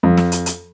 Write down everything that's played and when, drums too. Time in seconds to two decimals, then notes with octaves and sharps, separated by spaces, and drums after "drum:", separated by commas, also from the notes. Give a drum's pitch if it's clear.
0.03 F2
0.17 drum: snare
0.32 drum: hi-hat
0.46 drum: hi-hat